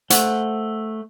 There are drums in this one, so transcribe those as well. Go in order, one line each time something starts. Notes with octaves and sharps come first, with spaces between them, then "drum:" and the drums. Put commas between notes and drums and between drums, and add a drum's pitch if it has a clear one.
A3 C5 F#5, drum: hi-hat